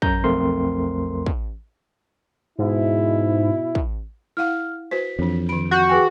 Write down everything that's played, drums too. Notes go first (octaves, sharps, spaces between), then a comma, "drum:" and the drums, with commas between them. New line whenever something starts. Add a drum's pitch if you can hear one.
F#2 A#5 G6 A#6, drum: kick
B1 F2 A3 C4 A#4 C6
drum: kick
G#2 B2 E4
drum: kick
E4 F5 F#5 F6
F#4 B4 C5 B6
F2 E3 D4
D#3 B5 D7
F#4 F#5 C#6 G6
G#4 B4 G5 G#5